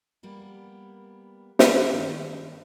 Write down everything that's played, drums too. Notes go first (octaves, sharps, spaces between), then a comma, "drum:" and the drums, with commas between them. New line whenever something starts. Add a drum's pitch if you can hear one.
G3 A#3 B3
drum: snare
G2 D#3